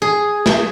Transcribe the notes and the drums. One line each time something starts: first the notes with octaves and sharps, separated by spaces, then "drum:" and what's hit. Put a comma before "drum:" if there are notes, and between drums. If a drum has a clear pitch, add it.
G#4
drum: snare